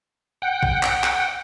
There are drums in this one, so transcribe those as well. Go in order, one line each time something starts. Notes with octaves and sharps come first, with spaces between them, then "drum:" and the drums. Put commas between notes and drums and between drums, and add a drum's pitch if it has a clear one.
F#5 G5
drum: kick A#1
drum: clap
drum: clap